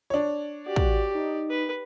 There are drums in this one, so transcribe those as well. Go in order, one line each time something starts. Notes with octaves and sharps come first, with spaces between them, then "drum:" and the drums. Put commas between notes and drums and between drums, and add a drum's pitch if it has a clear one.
D4 C#5
F#4 G4 D5
drum: kick
D#4
B4